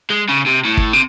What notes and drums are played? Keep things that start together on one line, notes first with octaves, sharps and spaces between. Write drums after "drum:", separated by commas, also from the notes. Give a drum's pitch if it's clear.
G#3
C#3
C3
A2
drum: kick
C3